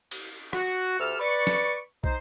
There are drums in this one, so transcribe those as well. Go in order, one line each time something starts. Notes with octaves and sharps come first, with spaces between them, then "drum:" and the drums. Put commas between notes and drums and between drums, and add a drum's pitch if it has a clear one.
drum: cymbal
F#4, drum: rim click
D2 G4 A4 E6 F6
B4 D5 C#6
drum: snare
D#4 C5, drum: kick